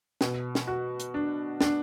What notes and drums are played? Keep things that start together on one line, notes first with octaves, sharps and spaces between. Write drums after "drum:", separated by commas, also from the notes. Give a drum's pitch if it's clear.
B2, drum: snare
drum: snare
F#4
drum: hi-hat
D4
D4, drum: snare